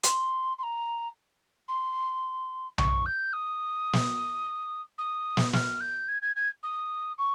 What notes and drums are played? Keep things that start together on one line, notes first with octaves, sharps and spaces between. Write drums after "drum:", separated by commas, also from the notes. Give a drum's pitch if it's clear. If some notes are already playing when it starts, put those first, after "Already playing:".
C6, drum: hi-hat
C6
A#5
C6
C#6, drum: tom B1
G6
D#6
drum: snare
D#6
drum: snare
F6, drum: snare
G6
G#6
G#6
G#6
D#6
C#6